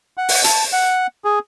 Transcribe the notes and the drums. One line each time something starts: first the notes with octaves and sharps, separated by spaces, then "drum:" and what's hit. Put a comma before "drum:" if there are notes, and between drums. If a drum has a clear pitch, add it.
F#5
drum: open hi-hat
A5, drum: hi-hat
F#5
G#4